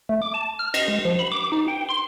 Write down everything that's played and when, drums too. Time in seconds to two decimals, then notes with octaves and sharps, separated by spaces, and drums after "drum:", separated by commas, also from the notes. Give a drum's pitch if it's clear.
0.09 A3
0.22 D6
0.34 A5
0.59 F6
0.74 D#5, drum: cymbal
0.88 G#3
1.05 F3
1.19 B5
1.32 D6
1.52 D#4
1.68 G5
1.89 C6